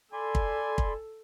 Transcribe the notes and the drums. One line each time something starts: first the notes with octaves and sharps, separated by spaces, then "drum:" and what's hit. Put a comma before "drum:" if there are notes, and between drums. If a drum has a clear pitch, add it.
A4 D5 G#5 B5 C6
drum: kick
drum: kick